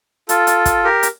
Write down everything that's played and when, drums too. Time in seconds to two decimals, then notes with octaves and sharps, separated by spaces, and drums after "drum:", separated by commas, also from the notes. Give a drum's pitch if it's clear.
0.29 F4 A4, drum: hi-hat
0.47 drum: hi-hat
0.65 drum: kick, hi-hat
0.84 G4 A#4
1.03 drum: hi-hat